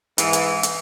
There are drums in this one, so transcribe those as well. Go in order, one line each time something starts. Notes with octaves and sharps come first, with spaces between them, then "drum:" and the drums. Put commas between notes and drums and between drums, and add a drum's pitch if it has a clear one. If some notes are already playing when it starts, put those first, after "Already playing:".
G#2 E3, drum: hi-hat
drum: hi-hat
drum: hi-hat